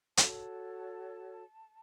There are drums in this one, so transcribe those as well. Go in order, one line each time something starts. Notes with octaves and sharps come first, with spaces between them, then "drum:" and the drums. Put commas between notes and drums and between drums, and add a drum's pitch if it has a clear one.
F#4 A4 C#5 A5, drum: hi-hat